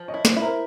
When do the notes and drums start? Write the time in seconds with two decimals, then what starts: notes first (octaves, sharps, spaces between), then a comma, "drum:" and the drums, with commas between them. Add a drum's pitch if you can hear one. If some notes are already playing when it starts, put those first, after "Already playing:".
Already playing: F3
0.08 C#5 D#5
0.14 E4
0.25 C5 D5, drum: snare
0.36 E4
0.42 A#4 C5